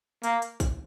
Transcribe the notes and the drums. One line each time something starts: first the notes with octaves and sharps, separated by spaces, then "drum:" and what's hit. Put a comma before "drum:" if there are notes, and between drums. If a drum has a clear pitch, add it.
A#3, drum: hi-hat
drum: hi-hat
drum: kick, hi-hat